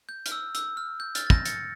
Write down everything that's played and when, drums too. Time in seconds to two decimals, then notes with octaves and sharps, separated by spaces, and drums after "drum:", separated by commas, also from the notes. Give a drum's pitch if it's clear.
0.09 G6
0.26 F6, drum: hi-hat
0.32 E6
0.55 E6, drum: hi-hat
0.77 F6
1.00 G6
1.15 F6 A6, drum: hi-hat
1.27 A6
1.30 G6 A#6, drum: kick
1.45 A6 C#7, drum: hi-hat